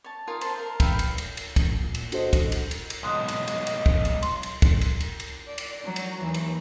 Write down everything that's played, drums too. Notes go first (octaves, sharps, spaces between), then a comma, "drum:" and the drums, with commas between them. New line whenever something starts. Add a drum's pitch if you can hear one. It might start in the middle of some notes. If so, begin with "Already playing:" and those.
C#5 A5
D#4 F4 A#4 G#5
C5 A5, drum: cymbal
A#4 F5
B4 E5 F5 G5, drum: kick, cymbal
drum: cymbal
drum: cymbal
drum: cymbal
drum: kick, cymbal
A#2
drum: cymbal
D4 F#4 A4 C5 D#5, drum: cymbal
drum: kick, cymbal
drum: cymbal
drum: cymbal
drum: cymbal
B1 G#2 C6 D#6 F#6
drum: cymbal
drum: cymbal
drum: cymbal
drum: kick
drum: cymbal
C6, drum: cymbal
drum: cymbal
drum: kick, cymbal
drum: cymbal
drum: cymbal
drum: cymbal
D5
drum: cymbal
F#3
drum: cymbal
D#2 E3
drum: cymbal